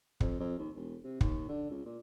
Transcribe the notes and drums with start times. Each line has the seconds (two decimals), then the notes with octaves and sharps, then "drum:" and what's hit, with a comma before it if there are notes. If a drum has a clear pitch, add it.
0.20 F2, drum: kick
0.40 F2
0.58 D#2
0.76 E1
1.04 C3
1.21 D#2, drum: kick
1.48 D3
1.70 C#2
1.85 A#2